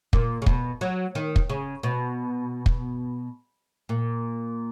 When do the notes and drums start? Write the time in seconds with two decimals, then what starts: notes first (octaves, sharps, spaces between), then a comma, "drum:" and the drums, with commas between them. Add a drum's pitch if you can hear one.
0.13 A#2, drum: kick
0.42 C#3
0.46 B2, drum: kick
0.81 F#3
1.15 D#3
1.36 drum: kick
1.50 C#3
1.83 B2
2.66 drum: kick
3.89 A#2